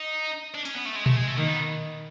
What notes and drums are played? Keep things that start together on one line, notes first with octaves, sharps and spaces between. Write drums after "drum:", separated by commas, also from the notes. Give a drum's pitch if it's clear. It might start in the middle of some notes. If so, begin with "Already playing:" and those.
Already playing: D#4
D4
C#4, drum: tambourine
B3
A3
G#3
A3, drum: tom A#2
G#3
A3
D#3 A#3
B3